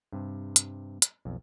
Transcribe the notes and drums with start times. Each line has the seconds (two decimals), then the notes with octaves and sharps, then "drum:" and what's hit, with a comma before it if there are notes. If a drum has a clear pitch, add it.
0.13 G2 C3
0.56 drum: hi-hat
1.02 drum: hi-hat
1.25 B1 F2